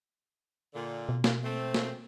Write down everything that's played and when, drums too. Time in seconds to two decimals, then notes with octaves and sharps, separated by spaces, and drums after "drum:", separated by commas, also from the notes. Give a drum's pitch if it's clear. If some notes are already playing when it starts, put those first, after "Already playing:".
0.74 A#2 D3
1.09 B2
1.24 drum: snare
1.44 A3 C4
1.74 drum: snare